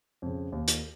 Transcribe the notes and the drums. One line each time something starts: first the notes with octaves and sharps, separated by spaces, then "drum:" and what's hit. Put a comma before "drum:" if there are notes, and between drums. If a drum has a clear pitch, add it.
F2 C#3
D#2
drum: hi-hat